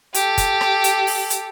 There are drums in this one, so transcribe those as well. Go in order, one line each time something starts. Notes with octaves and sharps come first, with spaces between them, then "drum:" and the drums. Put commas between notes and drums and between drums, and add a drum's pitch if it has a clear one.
G4 A4, drum: hi-hat
drum: kick, hi-hat
drum: rim click
drum: hi-hat
drum: open hi-hat
drum: hi-hat